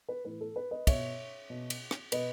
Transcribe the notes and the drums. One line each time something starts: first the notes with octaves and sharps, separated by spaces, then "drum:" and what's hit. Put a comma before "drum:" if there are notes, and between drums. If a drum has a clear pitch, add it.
B4
A2 E3 B4
A4
B4
B4 D#5
B2 C#5 E5, drum: kick, cymbal
B2
drum: cymbal
drum: rim click
B2 B4 D#5, drum: cymbal